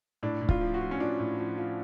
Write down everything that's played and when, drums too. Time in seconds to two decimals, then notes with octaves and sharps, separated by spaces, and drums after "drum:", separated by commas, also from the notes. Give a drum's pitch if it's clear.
0.23 A2 D4
0.41 A2
0.49 F4, drum: kick
0.61 F3
0.74 F#4
0.81 F3
0.91 C#4
1.00 F3 D4
1.20 A2
1.39 F3
1.58 F3